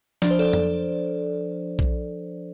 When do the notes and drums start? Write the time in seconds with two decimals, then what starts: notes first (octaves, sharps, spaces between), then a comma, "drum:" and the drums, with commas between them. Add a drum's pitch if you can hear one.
0.22 F3 D4 D5, drum: snare
0.31 C5
0.39 A4 D5
0.53 drum: tom F2
1.79 drum: kick A#1